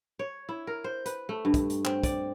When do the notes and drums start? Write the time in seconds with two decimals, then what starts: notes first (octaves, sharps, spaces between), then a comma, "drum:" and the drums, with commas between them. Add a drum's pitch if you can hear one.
0.19 C#5
0.49 E4
0.67 A#4
0.84 C5
1.06 B4, drum: hi-hat
1.29 A3
1.45 G2
1.54 drum: kick, hi-hat
1.70 drum: hi-hat
1.85 C4, drum: clap
2.03 D5, drum: kick, hi-hat